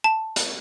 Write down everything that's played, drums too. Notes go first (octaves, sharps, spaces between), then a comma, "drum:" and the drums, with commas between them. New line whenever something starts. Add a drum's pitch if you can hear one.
A5
drum: hi-hat